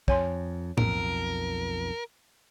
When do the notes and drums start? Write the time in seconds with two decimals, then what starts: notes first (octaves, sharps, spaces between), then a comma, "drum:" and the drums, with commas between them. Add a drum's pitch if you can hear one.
0.08 F2 C#5 G#5 C6, drum: kick
0.78 B1 F2 A#4, drum: tom A2